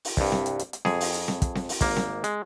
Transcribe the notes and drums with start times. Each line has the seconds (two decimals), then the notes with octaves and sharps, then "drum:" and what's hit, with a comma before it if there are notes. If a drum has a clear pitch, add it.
0.05 drum: open hi-hat
0.17 C2 G2, drum: kick
0.32 drum: snare C4
0.46 drum: hi-hat
0.59 drum: hi-hat
0.73 drum: hi-hat
0.85 F2 G#4, drum: snare C4
1.01 drum: open hi-hat
1.14 drum: hi-hat
1.28 drum: snare C4
1.42 drum: kick, hi-hat
1.55 drum: snare C4
1.69 drum: open hi-hat
1.81 G#1 A#3, drum: kick, hi-hat
1.96 drum: snare C4
2.24 G#3, drum: hi-hat